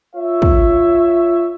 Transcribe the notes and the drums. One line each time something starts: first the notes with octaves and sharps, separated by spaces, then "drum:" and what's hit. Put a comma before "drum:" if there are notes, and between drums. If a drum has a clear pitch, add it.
F4 C#5 E5
drum: kick